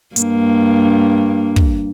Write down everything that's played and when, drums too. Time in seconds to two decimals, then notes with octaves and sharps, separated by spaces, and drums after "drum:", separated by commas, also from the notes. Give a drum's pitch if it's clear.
0.16 G2 A#3, drum: hi-hat
1.56 drum: kick